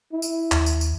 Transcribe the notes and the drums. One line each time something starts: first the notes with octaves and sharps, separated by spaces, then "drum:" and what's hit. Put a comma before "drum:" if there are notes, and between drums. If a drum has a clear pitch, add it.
E4
drum: tambourine
D#2, drum: clap
drum: tambourine
drum: tambourine